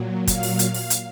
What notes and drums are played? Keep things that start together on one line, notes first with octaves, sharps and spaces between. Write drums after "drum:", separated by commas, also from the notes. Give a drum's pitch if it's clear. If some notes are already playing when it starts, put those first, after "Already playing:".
Already playing: A#2 F#3
F5, drum: kick, hi-hat
drum: open hi-hat
F5, drum: hi-hat
drum: open hi-hat
drum: hi-hat